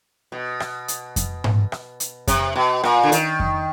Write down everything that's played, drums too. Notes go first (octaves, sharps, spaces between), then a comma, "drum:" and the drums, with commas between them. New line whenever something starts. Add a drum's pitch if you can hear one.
B2
drum: rim click
drum: hi-hat
drum: kick F2, hi-hat
drum: tom G#2
drum: rim click
drum: hi-hat
C3, drum: kick F2, hi-hat
B2
A#2, drum: rim click
D3
D#3, drum: hi-hat
drum: kick F2